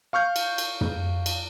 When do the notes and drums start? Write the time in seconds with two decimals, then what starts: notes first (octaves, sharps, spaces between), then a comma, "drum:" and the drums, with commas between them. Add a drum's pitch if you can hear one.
0.13 F5 C#6 F6 G6
0.36 drum: cymbal
0.58 drum: cymbal
0.81 drum: tom
1.26 drum: cymbal